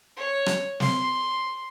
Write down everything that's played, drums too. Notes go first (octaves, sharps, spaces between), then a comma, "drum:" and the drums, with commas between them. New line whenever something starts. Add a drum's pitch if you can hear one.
C#5
drum: rim click
C6, drum: snare